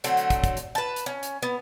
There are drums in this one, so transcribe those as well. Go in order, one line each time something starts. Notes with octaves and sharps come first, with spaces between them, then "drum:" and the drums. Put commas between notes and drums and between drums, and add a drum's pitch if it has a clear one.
D3 F#3 A3 C4, drum: hi-hat
drum: hi-hat
drum: kick, hi-hat
drum: kick, hi-hat
drum: hi-hat
B4 A5
drum: hi-hat
C#4
drum: hi-hat
B3